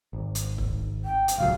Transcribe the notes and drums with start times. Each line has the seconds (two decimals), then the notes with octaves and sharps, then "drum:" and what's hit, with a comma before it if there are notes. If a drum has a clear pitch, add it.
0.13 G#1
0.35 drum: hi-hat
0.58 drum: kick
1.05 G5
1.28 drum: hi-hat
1.38 D1 C#2 F#3 F5